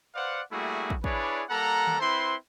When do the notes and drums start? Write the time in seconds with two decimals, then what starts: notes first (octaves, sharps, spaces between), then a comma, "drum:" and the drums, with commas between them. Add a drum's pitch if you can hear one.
0.15 B4 C5 D5 F5 F#5
0.51 G3 A3 A#3 E4 F#4 G#4
0.90 drum: kick
1.04 D4 E4 G#4 B4 C#5 D5, drum: kick
1.50 G3 A#3 A4 F#5 A#5
1.87 drum: tom D#3
2.00 C4 E4 B4 C5 C6